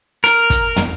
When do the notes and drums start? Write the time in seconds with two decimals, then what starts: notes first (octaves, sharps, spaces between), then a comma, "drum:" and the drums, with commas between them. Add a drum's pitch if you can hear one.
0.24 A#4, drum: hi-hat
0.50 drum: kick, hi-hat
0.76 drum: tom